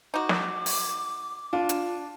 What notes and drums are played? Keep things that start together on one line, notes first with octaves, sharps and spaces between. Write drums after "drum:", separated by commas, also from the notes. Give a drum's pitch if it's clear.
D#4 F#4 D6
drum: snare
drum: open hi-hat
D4 F4
drum: hi-hat